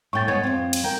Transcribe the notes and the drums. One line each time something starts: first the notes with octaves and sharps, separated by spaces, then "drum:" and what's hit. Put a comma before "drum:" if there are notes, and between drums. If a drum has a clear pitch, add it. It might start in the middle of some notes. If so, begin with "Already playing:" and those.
A2 G5 C#6 A6
G#3 B3 C#5 G#6
F2 C4
drum: cymbal
A#4 G5